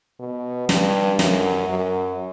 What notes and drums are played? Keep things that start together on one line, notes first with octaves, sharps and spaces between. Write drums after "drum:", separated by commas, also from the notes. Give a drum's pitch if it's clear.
B2
G2, drum: snare
F#2, drum: snare
F#2